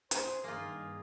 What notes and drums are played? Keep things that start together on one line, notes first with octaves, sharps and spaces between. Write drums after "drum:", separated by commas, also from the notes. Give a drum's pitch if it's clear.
G#4 C5, drum: hi-hat
G2 D#3 A#3 F4 G#4